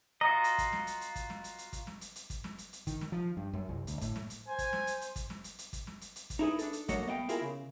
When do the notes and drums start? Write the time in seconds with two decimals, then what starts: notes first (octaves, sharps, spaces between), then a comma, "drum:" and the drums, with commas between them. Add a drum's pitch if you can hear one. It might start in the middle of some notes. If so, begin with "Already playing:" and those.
0.21 F4 F#4 D#5 A#5
0.44 drum: hi-hat
0.58 drum: kick, hi-hat
0.73 drum: snare
0.87 drum: hi-hat
1.01 drum: hi-hat
1.16 drum: kick, hi-hat
1.30 drum: snare
1.44 drum: hi-hat
1.58 drum: hi-hat
1.73 drum: kick, hi-hat
1.87 drum: snare
2.01 drum: hi-hat
2.16 drum: hi-hat
2.30 drum: kick, hi-hat
2.44 drum: snare
2.58 drum: hi-hat
2.73 drum: hi-hat
2.87 D#3, drum: kick, hi-hat
3.01 drum: snare
3.12 F3
3.37 G2
3.53 F#2
3.69 C2
3.87 D2, drum: hi-hat
4.01 A2, drum: kick, hi-hat
4.16 drum: snare
4.30 drum: hi-hat
4.48 C5 G#5
4.59 drum: kick, hi-hat
4.73 drum: snare
4.87 drum: hi-hat
5.01 drum: hi-hat
5.16 drum: kick, hi-hat
5.30 drum: snare
5.44 drum: hi-hat
5.59 drum: hi-hat
5.73 drum: kick, hi-hat
5.87 drum: snare
6.01 drum: hi-hat
6.16 drum: hi-hat
6.30 drum: kick, hi-hat
6.39 D#4 E4 G#4 B4
6.59 D4 A4, drum: hi-hat
6.73 drum: hi-hat
6.88 F#3 A3 A#3 C#5 D#5 F#5, drum: kick, hi-hat
7.07 B3 D#5 F5 G5
7.29 E4 F4 G#4 A#4, drum: hi-hat
7.41 C#3